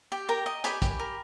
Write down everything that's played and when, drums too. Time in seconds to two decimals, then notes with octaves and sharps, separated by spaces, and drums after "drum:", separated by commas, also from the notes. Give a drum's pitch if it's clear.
0.12 G4
0.29 A#4 G5 A#5
0.46 D#5
0.64 G4 G#5 B5, drum: hi-hat
0.82 G4, drum: kick, hi-hat
0.99 A#4